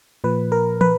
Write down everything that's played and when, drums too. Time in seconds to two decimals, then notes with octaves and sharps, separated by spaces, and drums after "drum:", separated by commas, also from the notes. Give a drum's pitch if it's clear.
0.24 A#2 F3 B4
0.52 A#4
0.81 B4, drum: tom